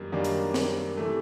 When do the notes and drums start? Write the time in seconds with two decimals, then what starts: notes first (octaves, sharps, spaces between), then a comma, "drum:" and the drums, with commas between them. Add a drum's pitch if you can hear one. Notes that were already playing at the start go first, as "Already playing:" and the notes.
Already playing: F#2 D#3 G3 A#3
0.12 F#2 D#3 G3 A#3 D4
0.24 drum: hi-hat
0.54 drum: snare
0.97 C3 E3 A3